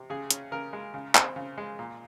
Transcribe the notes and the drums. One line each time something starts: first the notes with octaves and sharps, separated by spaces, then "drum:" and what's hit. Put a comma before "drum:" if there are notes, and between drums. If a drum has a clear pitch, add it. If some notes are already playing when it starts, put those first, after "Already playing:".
Already playing: C3
C#3 G#4
C#4, drum: hi-hat
C#3 A#4
G#3
C#3
C4, drum: clap
C#3
G#3
A#2